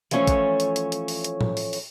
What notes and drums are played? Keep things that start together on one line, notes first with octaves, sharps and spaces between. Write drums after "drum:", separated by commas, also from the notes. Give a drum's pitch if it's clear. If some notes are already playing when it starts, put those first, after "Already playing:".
E3 F3 A3 C#4 A4 C#5, drum: hi-hat
drum: kick, hi-hat
drum: hi-hat
drum: hi-hat
drum: hi-hat
drum: open hi-hat
drum: hi-hat
drum: tom
drum: open hi-hat
drum: open hi-hat